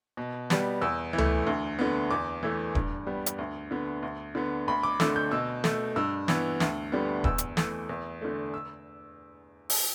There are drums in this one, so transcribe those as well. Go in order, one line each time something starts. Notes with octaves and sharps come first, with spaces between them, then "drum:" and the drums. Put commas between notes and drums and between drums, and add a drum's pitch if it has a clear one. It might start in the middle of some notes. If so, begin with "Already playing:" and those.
B2
G3 B3, drum: snare
E2 E6
E3
A3, drum: tom C#2
D2
D3 B3
E2 D6
E3 A3
G2, drum: kick D#1
G3 B3
drum: hi-hat
D2
D3 B3
D2
D3 B3
D2 B5
D6
D3 A3 E6, drum: snare
G6
B2 E6
A3, drum: snare
G2 E6
E3 B3, drum: snare
D2, drum: snare
D3 G3 B3
E2 E6, drum: kick D#1
drum: hi-hat
E3 A3, drum: snare
E2
D3 A3
E6
drum: open hi-hat